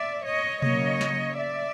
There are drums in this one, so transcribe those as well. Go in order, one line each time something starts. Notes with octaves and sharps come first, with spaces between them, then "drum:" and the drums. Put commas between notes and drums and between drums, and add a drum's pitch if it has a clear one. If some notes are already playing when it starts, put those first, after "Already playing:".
Already playing: D5 E5
C#5 D#5
C#3 F#3 A#3 C#5 D#5, drum: tom B2
drum: snare
D5 E5